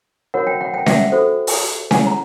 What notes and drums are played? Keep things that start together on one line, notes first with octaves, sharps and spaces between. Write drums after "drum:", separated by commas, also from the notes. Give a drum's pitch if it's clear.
F#4 A#4 C#5 F#5
G5
F#5
G5
E5 F#5, drum: snare C#4
F#4 A4 C5
drum: open hi-hat
E4 G#4 C#5 F#5 G#5, drum: snare C#4
A#5